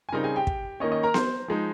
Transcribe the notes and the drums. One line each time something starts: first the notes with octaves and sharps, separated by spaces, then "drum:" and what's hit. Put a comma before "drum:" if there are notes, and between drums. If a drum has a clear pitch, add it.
G#5
C#3 G3 C4 D#4 A#4 A#5
G#4 G#5
G4 G5
drum: kick
D#3 A#3 C#4 D#5
D#5
A#4 A#5
C5 C6, drum: snare B3
F3 G#3 D#4